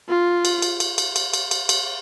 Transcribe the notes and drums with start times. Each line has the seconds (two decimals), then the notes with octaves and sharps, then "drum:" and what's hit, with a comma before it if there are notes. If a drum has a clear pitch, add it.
0.09 F4
0.45 drum: cymbal
0.62 drum: cymbal
0.80 drum: cymbal
0.98 drum: cymbal
1.16 drum: cymbal
1.34 drum: cymbal
1.51 drum: cymbal
1.69 drum: cymbal